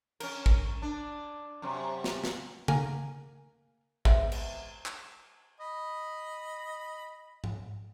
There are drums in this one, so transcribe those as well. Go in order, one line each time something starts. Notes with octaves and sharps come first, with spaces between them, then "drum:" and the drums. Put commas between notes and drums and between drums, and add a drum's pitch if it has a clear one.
C#4 A#4, drum: cymbal
drum: kick
D4
F#2 C3
drum: snare
drum: snare
A#3 A#4 G#5, drum: tom C#3
G#3 B3 C4 E5, drum: kick
drum: cymbal
drum: clap
D#5 B5
drum: tom G#2